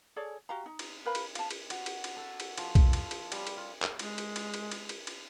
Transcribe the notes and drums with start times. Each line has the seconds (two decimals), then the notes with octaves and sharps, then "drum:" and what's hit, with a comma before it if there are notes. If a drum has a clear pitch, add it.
0.16 G#4 A4 C#5 D5
0.49 F#4 G4 F5 A#5
0.66 D#4
0.79 drum: cymbal
1.06 A#4 B4 F5 B5
1.15 drum: cymbal
1.35 F5 A5, drum: cymbal
1.51 drum: cymbal
1.70 F#4, drum: cymbal
1.86 drum: cymbal
2.04 drum: cymbal
2.16 A4
2.40 drum: cymbal
2.58 F3, drum: cymbal
2.75 drum: kick B1, cymbal
2.93 drum: cymbal
3.11 drum: cymbal
3.32 G3, drum: cymbal
3.47 drum: cymbal
3.57 F4
3.82 drum: clap
3.99 G#3, drum: cymbal
4.18 drum: cymbal
4.36 drum: cymbal
4.54 drum: cymbal
4.71 drum: cymbal
4.89 drum: cymbal
5.07 drum: cymbal